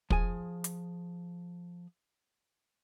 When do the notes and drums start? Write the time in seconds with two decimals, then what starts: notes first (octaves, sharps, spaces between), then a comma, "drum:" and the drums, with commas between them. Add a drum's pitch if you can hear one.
0.10 F3 G#4 G#5, drum: kick
0.64 drum: hi-hat